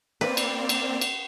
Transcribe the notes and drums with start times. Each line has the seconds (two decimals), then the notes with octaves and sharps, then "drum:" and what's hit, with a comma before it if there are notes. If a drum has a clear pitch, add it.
0.21 A#3 C4 B4 D5
0.37 drum: cymbal
0.69 drum: cymbal
1.01 drum: cymbal